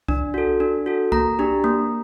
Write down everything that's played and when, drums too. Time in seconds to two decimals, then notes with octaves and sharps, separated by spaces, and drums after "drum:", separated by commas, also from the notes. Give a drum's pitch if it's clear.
0.08 D4, drum: kick C2
0.34 F#4 A4
0.60 D4
0.86 F#4 A4
1.12 A#3 A#5, drum: kick C2
1.39 D4 G4
1.64 A#3